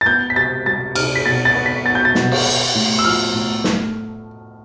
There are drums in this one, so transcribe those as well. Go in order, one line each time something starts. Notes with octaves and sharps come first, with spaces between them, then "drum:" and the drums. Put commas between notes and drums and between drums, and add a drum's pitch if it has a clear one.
A6
B3 G6
B6
C3 A6
G3 A6
C3 F6, drum: cymbal
B6
B2 A6
A6
B3
B6
B3 A6
G6
A6
B2, drum: snare
drum: cymbal
B3
A2
E6
F3 F6
A2
A3, drum: snare